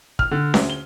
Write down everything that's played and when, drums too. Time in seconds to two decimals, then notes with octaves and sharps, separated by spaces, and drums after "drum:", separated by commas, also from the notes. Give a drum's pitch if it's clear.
0.19 F6, drum: kick
0.31 D3
0.54 D2, drum: snare C#4
0.70 G7